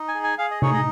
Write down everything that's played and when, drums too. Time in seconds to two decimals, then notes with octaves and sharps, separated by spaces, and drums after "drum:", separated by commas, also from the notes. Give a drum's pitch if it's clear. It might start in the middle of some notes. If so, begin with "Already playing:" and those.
Already playing: D#4
0.08 G#5
0.15 G#4
0.24 G#5
0.38 G#4 F5
0.51 D#5
0.62 D#4 C#5, drum: tom C3
0.74 D#5